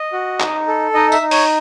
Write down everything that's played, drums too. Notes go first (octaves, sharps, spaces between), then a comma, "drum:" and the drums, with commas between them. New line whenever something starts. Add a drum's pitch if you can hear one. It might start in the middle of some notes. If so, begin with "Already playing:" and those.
Already playing: D#5
F#4
D#4, drum: clap
A4
D#4 D#5
E5, drum: tambourine
D#4
C#5, drum: open hi-hat